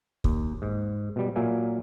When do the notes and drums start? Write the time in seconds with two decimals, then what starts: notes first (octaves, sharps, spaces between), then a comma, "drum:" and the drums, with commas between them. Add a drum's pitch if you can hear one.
0.24 D#2, drum: kick
0.62 G#2
1.16 B2 G3
1.36 A#2 F#3 A#3 E5 G#5